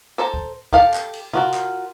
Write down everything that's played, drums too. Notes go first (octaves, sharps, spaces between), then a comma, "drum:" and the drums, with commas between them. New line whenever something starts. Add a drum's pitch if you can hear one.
A4 C5 A5 A#5
drum: kick
G4 A4 F5 A5, drum: kick
drum: clap
drum: cymbal
F4 F#4 A#4, drum: tom C3
drum: clap